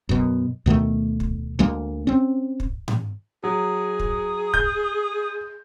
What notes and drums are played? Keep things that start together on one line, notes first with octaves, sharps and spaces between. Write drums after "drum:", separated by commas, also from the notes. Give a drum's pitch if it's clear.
F#2 B2, drum: kick
D2 B2 D#3 A3
drum: kick
D2 G#3 A#3
C4 C#4
drum: kick
drum: tom G#2
F#3 G#4
drum: kick
G6, drum: kick